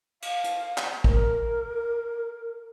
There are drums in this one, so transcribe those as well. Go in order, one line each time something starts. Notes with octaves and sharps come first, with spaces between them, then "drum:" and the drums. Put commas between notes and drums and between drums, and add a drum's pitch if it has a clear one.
F5, drum: cymbal
drum: hi-hat
drum: clap
A#4, drum: kick